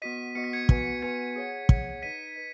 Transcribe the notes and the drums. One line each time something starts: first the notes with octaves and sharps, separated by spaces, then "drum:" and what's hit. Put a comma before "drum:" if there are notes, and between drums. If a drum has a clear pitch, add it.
B3 F#4 D#5 B6 D#7
B3 F#4 D#5 C#7
B6
G#6 C#7
B3 F#4 B4 G#5, drum: kick
B3 F#4 B4 G#5 G#6 C#7
G#4 C#5 F#5
G#4 C#5 F#5, drum: kick
D#4 B4 D#5 B6 D#7
B4 D#5